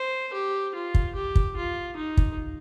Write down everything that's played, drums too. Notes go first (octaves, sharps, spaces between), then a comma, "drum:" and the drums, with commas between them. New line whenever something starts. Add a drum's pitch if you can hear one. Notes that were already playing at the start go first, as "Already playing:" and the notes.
Already playing: C5
G4
F4
drum: kick
G4
drum: kick
F4
D#4
drum: kick